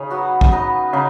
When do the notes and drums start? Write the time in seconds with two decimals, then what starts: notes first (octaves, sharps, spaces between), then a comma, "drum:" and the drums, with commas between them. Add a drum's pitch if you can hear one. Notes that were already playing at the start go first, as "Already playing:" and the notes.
Already playing: C#3 D#4 G#4 C#5 D#5
0.10 F#3 B3 F#4
0.41 drum: kick
0.52 B3 D#4 B4 D#5
0.93 C#3 D#4